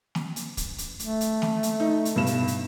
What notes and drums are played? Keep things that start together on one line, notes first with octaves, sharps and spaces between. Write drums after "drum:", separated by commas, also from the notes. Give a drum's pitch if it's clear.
drum: snare
drum: hi-hat
drum: kick, hi-hat
drum: hi-hat
A3, drum: hi-hat
drum: hi-hat
drum: snare
drum: hi-hat
D#4
drum: hi-hat
G2 B2 E7
drum: hi-hat
drum: hi-hat